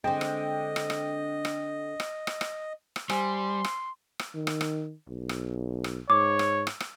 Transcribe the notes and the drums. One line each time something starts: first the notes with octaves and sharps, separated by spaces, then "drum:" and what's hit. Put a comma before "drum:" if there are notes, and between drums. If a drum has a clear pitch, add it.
D3 G#3 C4 D#5 G5
drum: rim click
drum: rim click
drum: rim click
drum: rim click
drum: rim click
drum: rim click
drum: rim click
drum: rim click
G3 C5 G#5 C6, drum: rim click
drum: rim click
drum: rim click
D#3
drum: rim click
drum: rim click
B1
drum: rim click
drum: rim click
G#2 C#5 D6
drum: rim click
drum: rim click
drum: rim click